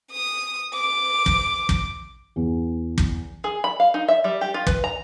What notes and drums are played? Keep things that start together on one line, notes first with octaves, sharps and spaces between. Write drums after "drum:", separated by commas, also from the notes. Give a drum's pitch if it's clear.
D#6
D6
drum: kick
drum: kick
E2
drum: kick
G#4
B5
F5
D#4
E5
G3
G4
F4
B4, drum: kick
A#5